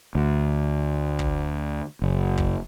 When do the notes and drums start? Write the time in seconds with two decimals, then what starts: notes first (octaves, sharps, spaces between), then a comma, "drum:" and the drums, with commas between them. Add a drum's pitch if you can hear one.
0.15 D2
1.19 drum: kick
2.02 F#1
2.37 drum: kick